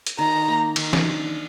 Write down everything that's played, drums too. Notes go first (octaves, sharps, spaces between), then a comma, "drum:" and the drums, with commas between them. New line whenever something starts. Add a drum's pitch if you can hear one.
drum: hi-hat
D#3 A#5
A#3
D#3, drum: cymbal
drum: snare
D4